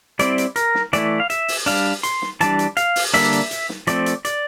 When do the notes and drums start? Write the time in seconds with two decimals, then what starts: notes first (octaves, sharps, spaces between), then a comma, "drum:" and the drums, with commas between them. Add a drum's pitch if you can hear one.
0.19 G3 C4 E4 D5, drum: hi-hat
0.38 drum: hi-hat
0.56 A#4, drum: hi-hat
0.75 drum: snare
0.93 E3 A3 E4 D5, drum: hi-hat
1.20 F5
1.30 E5, drum: hi-hat
1.48 drum: open hi-hat
1.66 G3 D4 F5, drum: hi-hat
2.03 C6, drum: hi-hat
2.22 drum: snare
2.41 E3 G3 D4 A5, drum: hi-hat
2.59 drum: hi-hat
2.77 F5, drum: hi-hat
2.96 drum: open hi-hat
3.14 D3 G3 A#3 D4 E5, drum: hi-hat
3.33 drum: hi-hat
3.51 drum: hi-hat
3.69 drum: snare
3.87 F3 A3 C4 D5, drum: hi-hat
4.06 drum: hi-hat
4.25 D5, drum: hi-hat